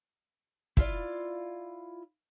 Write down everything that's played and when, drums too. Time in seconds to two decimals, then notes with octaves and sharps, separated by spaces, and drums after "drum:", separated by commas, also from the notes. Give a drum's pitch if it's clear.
0.77 E4 F4 D5, drum: kick